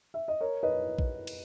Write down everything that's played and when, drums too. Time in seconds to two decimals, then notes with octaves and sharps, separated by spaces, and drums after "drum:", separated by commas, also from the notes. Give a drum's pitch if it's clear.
0.14 E5
0.28 D#5
0.41 A#4 C#5
0.63 B4 D#5
0.98 drum: kick A#1
1.27 drum: cymbal